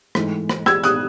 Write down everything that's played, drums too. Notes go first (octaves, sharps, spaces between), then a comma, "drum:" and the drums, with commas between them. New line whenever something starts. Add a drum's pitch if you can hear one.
G#2 E3 A3, drum: rim click
drum: rim click
E6 G#6, drum: rim click
D#6 F#6, drum: hi-hat